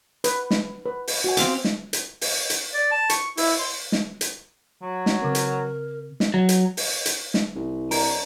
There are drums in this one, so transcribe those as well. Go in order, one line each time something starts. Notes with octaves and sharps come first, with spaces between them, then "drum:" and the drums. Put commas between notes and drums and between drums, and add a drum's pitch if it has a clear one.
B4, drum: hi-hat
drum: snare
B4
drum: open hi-hat
F#4 G#5
C4 F5 D6, drum: hi-hat
drum: snare
drum: hi-hat
drum: open hi-hat
drum: hi-hat
D5
A5
C#6, drum: hi-hat
E4, drum: open hi-hat
C6
drum: snare
drum: hi-hat
F#3
drum: snare
C#3 C4 A#4
drum: hi-hat
drum: snare
F#3
drum: hi-hat
drum: open hi-hat
drum: hi-hat
drum: snare
C2
D4 A#4, drum: open hi-hat